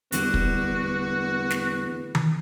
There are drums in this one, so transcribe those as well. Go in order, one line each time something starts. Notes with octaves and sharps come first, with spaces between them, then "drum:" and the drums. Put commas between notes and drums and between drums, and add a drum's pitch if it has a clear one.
D1 E2 D3 G3 B3 F#4, drum: hi-hat
drum: kick
drum: snare
drum: tom D#3